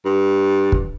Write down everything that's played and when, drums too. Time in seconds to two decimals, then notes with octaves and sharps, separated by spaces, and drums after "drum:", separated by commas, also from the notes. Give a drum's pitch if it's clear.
0.05 G2
0.72 drum: kick